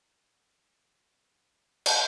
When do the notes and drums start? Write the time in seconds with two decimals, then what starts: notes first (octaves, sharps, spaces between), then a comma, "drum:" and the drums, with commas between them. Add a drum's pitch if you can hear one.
0.06 F#3 B3 D#5 C6
1.86 drum: cymbal